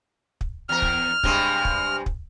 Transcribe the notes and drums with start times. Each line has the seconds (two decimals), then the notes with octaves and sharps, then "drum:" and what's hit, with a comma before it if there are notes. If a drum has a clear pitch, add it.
0.41 drum: kick
0.69 E2 A#4 F6
0.82 drum: kick
1.23 G2 C3 G#3, drum: kick
1.65 drum: kick
2.06 drum: kick